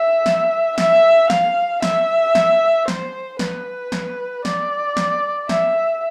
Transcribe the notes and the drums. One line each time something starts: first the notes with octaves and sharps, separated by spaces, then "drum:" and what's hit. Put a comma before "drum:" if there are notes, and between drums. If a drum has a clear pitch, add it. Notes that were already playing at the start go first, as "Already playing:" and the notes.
Already playing: E5
drum: snare
E5, drum: snare
F5, drum: snare
E5, drum: snare
drum: snare
C5, drum: snare
B4, drum: snare
drum: snare
D5, drum: snare
drum: snare
E5, drum: snare